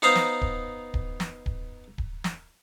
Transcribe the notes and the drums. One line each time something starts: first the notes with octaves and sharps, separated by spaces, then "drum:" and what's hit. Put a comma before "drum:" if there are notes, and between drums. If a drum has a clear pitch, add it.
B3 D#4 C5 D#5 F5 A#5
drum: snare
drum: kick D1
drum: kick D1
drum: snare
drum: kick D1
drum: kick D1
drum: snare